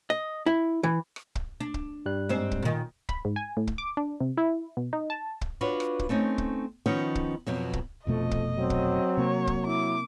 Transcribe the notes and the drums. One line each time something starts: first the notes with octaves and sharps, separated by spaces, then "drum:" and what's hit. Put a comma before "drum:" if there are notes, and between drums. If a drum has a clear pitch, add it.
D#5
E4
E3
drum: rim click
drum: kick
D4
drum: kick
G2 G3 F#6
G#2 C4 C5
drum: kick
A#2 D#3
B5, drum: kick
G#2
G#5
A2
drum: kick
D6
D4
C3
E4
B2
D#4
A5
drum: kick
D4 F4 F#4 B4 C#5
drum: rim click
drum: kick
A3 C4 C#4 D#4
drum: kick
D#3 F3 B3 C#4 D#4
drum: kick
F2 B2 F#3
drum: kick
F1 F2 B2 A3 D#5
drum: kick
F#3 C4
drum: kick
C3 A#3 C#5
drum: kick
E4 D6